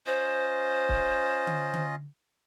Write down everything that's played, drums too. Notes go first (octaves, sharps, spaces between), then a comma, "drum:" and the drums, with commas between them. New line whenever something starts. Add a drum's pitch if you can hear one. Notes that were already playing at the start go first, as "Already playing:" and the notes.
C#4 F4 C5 D#5
drum: kick
drum: tom D3
drum: tom D3